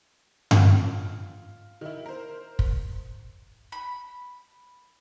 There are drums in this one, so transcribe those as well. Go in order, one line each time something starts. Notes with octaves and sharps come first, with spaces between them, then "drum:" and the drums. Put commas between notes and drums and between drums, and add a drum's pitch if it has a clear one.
F4 D7, drum: tom G2
D#3 E4
A#4 C5
drum: kick
B5